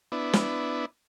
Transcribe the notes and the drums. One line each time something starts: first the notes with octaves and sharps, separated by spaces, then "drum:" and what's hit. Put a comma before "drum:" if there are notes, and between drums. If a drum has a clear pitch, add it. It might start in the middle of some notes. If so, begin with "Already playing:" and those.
B3 D4 E4
drum: snare